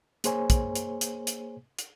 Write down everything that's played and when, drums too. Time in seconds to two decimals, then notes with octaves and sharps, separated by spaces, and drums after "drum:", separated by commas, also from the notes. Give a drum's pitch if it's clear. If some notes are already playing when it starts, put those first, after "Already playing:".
0.24 A#3 G#4 C5 C#5 G#5, drum: hi-hat
0.50 drum: kick, hi-hat
0.75 drum: hi-hat
1.01 drum: hi-hat
1.27 drum: hi-hat
1.79 drum: hi-hat